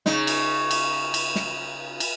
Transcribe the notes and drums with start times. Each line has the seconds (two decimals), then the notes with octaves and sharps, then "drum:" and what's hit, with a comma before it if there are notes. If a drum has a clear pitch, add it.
0.06 C#3 D#4, drum: snare
0.27 drum: cymbal
0.71 drum: cymbal
1.14 drum: cymbal
1.35 drum: snare
2.00 drum: cymbal